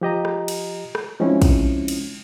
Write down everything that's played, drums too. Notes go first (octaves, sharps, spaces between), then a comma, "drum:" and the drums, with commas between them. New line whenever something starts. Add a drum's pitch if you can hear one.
F3 G4 D#5 A#5
drum: rim click
drum: cymbal
drum: rim click
F3 G#3 C4 C#4 D#4 E4
drum: kick, cymbal
drum: cymbal